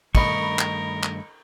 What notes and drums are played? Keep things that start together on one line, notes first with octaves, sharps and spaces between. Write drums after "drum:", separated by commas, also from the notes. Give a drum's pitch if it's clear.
G2 D#3 A3 A#4 D#5 B5 C#6, drum: kick, cymbal
drum: clap
drum: clap